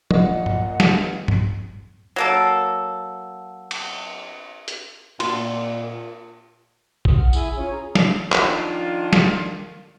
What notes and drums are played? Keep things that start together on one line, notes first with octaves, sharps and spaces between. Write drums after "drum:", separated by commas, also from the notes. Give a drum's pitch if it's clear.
A#2 D#5 F#5, drum: tom
drum: tom G2
G1, drum: snare
drum: tom G2
F#3 A#3 A4
drum: cymbal
drum: hi-hat
A#2 F4 C6, drum: cymbal
D#6, drum: kick A#1
F#5 F6
E4 G#4 G#5 E6, drum: tambourine
C#4 F4 C#5
G#4 A#5
drum: snare
D#3 F3 D4 F4, drum: clap
drum: snare